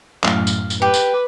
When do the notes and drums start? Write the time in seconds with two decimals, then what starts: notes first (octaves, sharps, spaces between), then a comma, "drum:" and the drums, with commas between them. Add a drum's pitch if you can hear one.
0.23 F#2 A2 F5, drum: clap
0.47 drum: tambourine
0.70 drum: tambourine
0.82 G4 B4
0.94 drum: tambourine